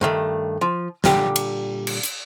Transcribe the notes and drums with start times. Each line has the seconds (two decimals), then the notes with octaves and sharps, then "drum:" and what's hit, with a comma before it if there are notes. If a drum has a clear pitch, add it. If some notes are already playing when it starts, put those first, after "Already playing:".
0.01 G2 D#3 A3
0.61 F3
1.04 A#2 D3 G3 G4, drum: snare
1.36 drum: cymbal
1.87 drum: cymbal
2.03 drum: hi-hat